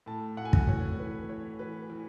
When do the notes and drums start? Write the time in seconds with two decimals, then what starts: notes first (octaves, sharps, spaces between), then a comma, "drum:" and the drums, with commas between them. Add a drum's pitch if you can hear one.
0.06 A2 A5
0.37 A2 F#5
0.45 G#5
0.53 F#5, drum: kick
0.68 E3 C#5
0.99 E3 B4
1.29 E3 C#5
1.59 E3 B4
1.90 E3